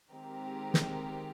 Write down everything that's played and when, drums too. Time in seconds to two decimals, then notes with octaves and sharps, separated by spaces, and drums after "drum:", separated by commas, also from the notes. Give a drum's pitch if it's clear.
0.11 D#3 G#3 C4 G4 A#4
0.74 drum: snare